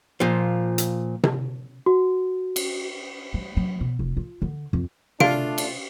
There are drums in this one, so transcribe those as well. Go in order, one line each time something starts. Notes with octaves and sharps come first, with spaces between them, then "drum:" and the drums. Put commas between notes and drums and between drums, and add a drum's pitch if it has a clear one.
A#2 F3
drum: hi-hat
drum: tom C3
F#4
drum: cymbal
G3
F#3
B2
F1
F4
D3
F2
A3 D4 F4 F5 D7, drum: tom C3
drum: cymbal